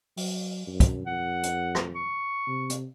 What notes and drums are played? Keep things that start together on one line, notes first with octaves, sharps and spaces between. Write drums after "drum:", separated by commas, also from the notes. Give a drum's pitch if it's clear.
F#3, drum: open hi-hat
F#2
drum: kick, hi-hat
F2 F#5
drum: hi-hat
drum: rim click
C#6
C3
drum: hi-hat